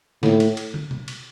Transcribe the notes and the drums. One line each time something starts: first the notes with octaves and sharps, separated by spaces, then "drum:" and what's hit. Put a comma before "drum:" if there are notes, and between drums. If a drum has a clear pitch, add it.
A2, drum: snare
drum: cymbal
drum: cymbal
drum: tom
drum: tom B2
drum: cymbal